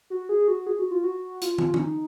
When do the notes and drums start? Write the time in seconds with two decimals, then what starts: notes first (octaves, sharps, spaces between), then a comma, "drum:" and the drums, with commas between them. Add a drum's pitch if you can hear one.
0.10 F#4
0.29 G#4
0.48 F#4
0.67 G#4
0.79 F#4
0.91 F4
1.04 F#4
1.41 F4, drum: hi-hat
1.58 drum: tom
1.74 C#4, drum: tom
1.79 D#4